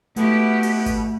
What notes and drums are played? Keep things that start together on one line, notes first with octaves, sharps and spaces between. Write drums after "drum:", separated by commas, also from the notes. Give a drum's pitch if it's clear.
B2 A3 B3 E4 F#4 G4, drum: hi-hat
drum: open hi-hat
drum: kick G#1, hi-hat